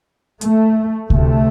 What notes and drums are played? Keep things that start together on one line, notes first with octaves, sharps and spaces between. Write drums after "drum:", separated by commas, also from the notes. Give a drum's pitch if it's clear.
A3, drum: hi-hat
D2 C3 A3, drum: kick C#2